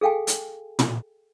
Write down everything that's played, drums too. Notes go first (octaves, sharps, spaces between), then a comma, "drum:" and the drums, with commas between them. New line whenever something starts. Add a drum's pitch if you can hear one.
G#4 A4 F5 G5 G#5
drum: hi-hat
drum: tom